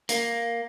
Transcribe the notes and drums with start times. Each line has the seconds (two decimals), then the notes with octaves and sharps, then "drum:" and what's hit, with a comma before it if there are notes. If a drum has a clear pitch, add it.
0.09 A#3, drum: hi-hat